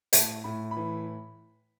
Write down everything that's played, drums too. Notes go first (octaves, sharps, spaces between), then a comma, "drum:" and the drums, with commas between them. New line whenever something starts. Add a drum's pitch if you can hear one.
A2 A5, drum: hi-hat
A2 B5
B5
E3